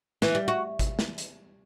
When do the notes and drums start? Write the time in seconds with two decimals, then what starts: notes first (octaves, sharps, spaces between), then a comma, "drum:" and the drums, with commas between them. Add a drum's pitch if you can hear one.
0.22 E3, drum: snare
0.35 G3
0.48 F#4
0.79 drum: kick G#1, hi-hat
0.99 drum: snare
1.18 drum: hi-hat